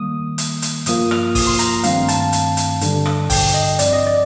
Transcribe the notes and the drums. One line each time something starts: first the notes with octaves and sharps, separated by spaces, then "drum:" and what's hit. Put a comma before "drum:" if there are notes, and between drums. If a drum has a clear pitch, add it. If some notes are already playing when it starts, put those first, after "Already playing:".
Already playing: D#3 G3 A#3 D#6
drum: hi-hat
drum: hi-hat
G2 F3 A#3 F4 D#6, drum: hi-hat
F6, drum: rim click
D#6, drum: kick, open hi-hat
C6
A#5, drum: hi-hat
G2 D#3 A3 C4 F5, drum: hi-hat
A5, drum: hi-hat
drum: hi-hat
drum: hi-hat
G2 D3 G3, drum: hi-hat
drum: rim click
G5, drum: kick, open hi-hat
D#5
G2 F3 C4 D5, drum: hi-hat
D#5
D5